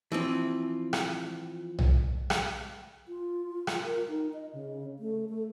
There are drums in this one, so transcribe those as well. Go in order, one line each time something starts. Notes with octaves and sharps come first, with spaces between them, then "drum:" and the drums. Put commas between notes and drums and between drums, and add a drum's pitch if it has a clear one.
E3 F3 C4
drum: rim click
drum: tom
drum: rim click
F4
drum: rim click
A#4
D#4
D#5
C#3
A3
A3